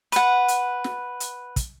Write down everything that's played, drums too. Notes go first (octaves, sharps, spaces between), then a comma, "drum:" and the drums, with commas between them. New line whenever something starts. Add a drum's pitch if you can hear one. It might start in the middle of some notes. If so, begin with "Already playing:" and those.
B4 F#5, drum: hi-hat
drum: hi-hat
drum: snare
drum: hi-hat
drum: kick, hi-hat